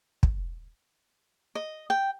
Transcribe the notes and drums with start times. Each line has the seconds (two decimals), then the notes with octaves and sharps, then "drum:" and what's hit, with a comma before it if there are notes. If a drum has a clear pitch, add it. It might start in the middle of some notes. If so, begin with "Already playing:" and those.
0.23 drum: kick
1.55 D#5
1.90 G5